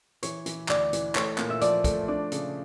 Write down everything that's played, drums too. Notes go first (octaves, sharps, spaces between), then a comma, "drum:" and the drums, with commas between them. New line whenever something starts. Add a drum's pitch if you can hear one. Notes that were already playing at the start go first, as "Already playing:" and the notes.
E3 C#5, drum: hi-hat
E3, drum: hi-hat
D2 D5, drum: clap
E3, drum: hi-hat
A3 C#5, drum: clap
A#2, drum: clap
E5
F3 D5, drum: hi-hat
A3, drum: kick, hi-hat
D4 D5
C#3, drum: hi-hat